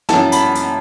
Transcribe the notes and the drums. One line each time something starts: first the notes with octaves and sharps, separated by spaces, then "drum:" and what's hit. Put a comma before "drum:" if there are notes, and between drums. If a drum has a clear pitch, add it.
F#2 E3 A5, drum: snare
B5, drum: hi-hat
drum: hi-hat